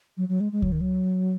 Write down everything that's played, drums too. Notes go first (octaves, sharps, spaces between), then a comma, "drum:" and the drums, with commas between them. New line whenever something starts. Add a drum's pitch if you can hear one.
F#3
F#3
G#3
G#3
F#3, drum: kick C#2
D#3
F#3